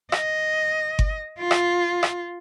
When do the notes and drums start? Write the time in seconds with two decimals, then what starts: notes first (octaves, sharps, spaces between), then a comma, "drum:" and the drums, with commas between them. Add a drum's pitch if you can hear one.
0.12 D#5, drum: rim click
0.99 drum: kick G1
1.39 F4
1.51 drum: rim click
2.03 drum: rim click